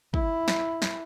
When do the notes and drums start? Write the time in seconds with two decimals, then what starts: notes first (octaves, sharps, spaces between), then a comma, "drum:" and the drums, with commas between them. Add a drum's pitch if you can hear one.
0.14 E4, drum: kick
0.48 drum: snare
0.82 drum: snare